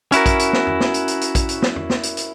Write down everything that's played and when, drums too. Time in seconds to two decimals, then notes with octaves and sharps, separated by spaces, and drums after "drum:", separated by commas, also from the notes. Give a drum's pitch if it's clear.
0.12 C#4 E4 F#4 A#4, drum: hi-hat
0.26 drum: kick, hi-hat
0.39 drum: hi-hat
0.53 drum: snare
0.67 drum: tom
0.80 drum: snare
0.94 drum: hi-hat
1.08 drum: hi-hat
1.21 drum: hi-hat
1.35 drum: kick, hi-hat
1.49 drum: hi-hat
1.62 drum: snare
1.76 drum: tom
1.90 drum: snare
2.03 drum: hi-hat
2.17 drum: hi-hat